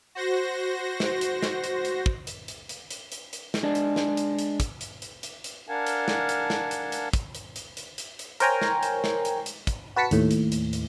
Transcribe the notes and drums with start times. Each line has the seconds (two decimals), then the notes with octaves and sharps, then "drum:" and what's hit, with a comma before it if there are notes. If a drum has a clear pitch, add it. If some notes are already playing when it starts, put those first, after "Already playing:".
0.15 F#4 C5 A#6
1.00 drum: snare
1.21 drum: hi-hat
1.42 drum: snare
1.64 drum: hi-hat
1.85 drum: hi-hat
2.06 drum: kick
2.27 drum: hi-hat
2.48 drum: hi-hat
2.69 drum: hi-hat
2.91 drum: hi-hat
3.12 drum: hi-hat
3.33 drum: hi-hat
3.54 drum: snare
3.63 G#3 D4
3.75 drum: hi-hat
3.96 drum: snare
4.17 drum: hi-hat
4.39 drum: hi-hat
4.60 drum: kick, hi-hat
4.81 drum: hi-hat
5.02 drum: hi-hat
5.23 drum: hi-hat
5.44 drum: hi-hat
5.67 D4 A#4 F5 F#5 G#5 A5
5.87 drum: hi-hat
6.08 drum: snare
6.29 drum: hi-hat
6.50 drum: snare
6.71 drum: hi-hat
6.92 drum: hi-hat
7.13 drum: kick, hi-hat
7.35 drum: hi-hat
7.56 drum: hi-hat
7.77 drum: hi-hat
7.98 drum: hi-hat
8.19 drum: hi-hat
8.40 A#4 C5 C#5 G5 G#5 A#5, drum: hi-hat
8.61 drum: snare
8.83 drum: hi-hat
9.04 drum: snare
9.25 drum: hi-hat
9.46 drum: hi-hat
9.67 drum: kick, hi-hat
9.96 F#4 B4 A5 B6 C#7
10.11 D#2 A2, drum: hi-hat
10.31 drum: hi-hat
10.52 drum: hi-hat
10.73 drum: hi-hat